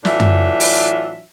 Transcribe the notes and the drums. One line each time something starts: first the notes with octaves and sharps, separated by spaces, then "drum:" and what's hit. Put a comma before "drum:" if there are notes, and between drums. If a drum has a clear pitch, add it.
A2 E3 F#3 D4 F4 E5, drum: snare
drum: tom F#2
drum: open hi-hat